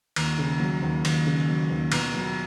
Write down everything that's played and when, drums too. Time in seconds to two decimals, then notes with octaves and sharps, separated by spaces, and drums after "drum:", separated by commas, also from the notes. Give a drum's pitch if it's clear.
0.16 D#2, drum: cymbal
0.38 C#3
0.60 F#3
0.82 D#2
1.05 D#2, drum: cymbal
1.26 C#3
1.48 F#3
1.70 D#2
1.92 B2, drum: cymbal
2.14 F#3